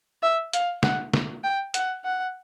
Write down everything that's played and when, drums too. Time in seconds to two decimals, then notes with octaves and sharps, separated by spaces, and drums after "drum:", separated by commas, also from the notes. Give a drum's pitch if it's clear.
0.23 E5
0.53 F5, drum: hi-hat
0.83 F#5, drum: snare
1.13 drum: snare
1.44 G5
1.74 F#5, drum: hi-hat
2.05 F#5